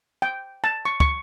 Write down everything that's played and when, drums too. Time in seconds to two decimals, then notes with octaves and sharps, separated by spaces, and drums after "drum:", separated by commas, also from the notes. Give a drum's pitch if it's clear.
0.22 G5
0.64 A5
0.85 C#6
1.00 C#6, drum: kick